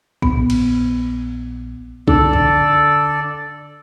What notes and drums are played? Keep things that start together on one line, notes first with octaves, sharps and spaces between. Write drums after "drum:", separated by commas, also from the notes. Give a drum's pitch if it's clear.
A#1 B3, drum: kick B1
drum: cymbal
D3 A4 D5, drum: kick B1
drum: kick B1